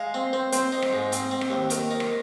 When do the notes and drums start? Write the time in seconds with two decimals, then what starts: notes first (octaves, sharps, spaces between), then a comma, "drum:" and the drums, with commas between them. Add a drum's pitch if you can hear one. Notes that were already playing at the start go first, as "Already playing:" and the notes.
Already playing: G#3 F5
0.14 C4
0.33 C4 C5
0.52 C4 C5, drum: hi-hat
0.72 D#4
0.82 drum: rim click
0.93 G#2
1.12 C4, drum: hi-hat
1.31 C4
1.41 drum: rim click
1.50 D#2
1.70 D#3 A#4, drum: hi-hat
1.91 D#4
2.00 drum: rim click